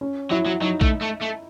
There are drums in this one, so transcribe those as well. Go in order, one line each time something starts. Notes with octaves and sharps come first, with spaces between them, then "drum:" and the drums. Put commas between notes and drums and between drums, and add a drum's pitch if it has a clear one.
C#4
F#3 E4
F#3
F#3 D#4
A3, drum: kick A#1
A3
A3